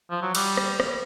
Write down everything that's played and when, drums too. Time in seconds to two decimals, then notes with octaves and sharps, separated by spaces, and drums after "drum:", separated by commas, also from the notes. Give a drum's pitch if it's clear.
0.10 F3
0.22 F#3
0.35 G3, drum: cymbal
0.57 drum: rim click
0.80 drum: rim click